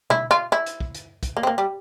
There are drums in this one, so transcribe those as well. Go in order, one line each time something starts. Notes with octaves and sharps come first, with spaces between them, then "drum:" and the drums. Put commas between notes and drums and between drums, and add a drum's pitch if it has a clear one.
E4, drum: tom B2
F4
E4
drum: hi-hat
drum: kick
drum: hi-hat
drum: kick, hi-hat
A#3
C4
A#3
G3